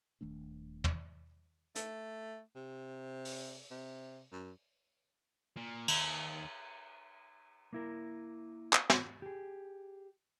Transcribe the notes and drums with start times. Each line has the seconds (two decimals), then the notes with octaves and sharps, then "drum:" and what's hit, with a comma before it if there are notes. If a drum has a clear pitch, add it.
0.21 D#1 D#3 A3 D4
0.84 drum: tom
1.75 A3, drum: hi-hat
2.56 C3
3.25 drum: open hi-hat
3.71 C3
4.32 F#2
5.56 A#2
5.88 D#2, drum: cymbal
7.73 A#3 E4 A#4
8.73 drum: clap
8.90 drum: snare
9.22 G4 G#4